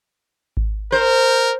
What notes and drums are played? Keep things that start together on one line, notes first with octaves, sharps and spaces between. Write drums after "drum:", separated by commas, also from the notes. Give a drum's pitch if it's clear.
drum: kick G#1
A#4 C5